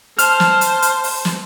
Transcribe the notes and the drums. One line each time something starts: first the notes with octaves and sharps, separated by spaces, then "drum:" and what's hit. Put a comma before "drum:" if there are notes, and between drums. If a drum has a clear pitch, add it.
C5 A5 F6, drum: hi-hat
drum: snare
drum: hi-hat
drum: hi-hat
drum: open hi-hat
drum: snare